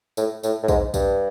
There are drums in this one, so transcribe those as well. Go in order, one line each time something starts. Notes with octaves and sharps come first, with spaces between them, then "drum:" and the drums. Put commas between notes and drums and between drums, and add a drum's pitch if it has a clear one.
A2, drum: tambourine
A2, drum: tambourine
A2
G#2, drum: kick, tambourine
G2, drum: kick, tambourine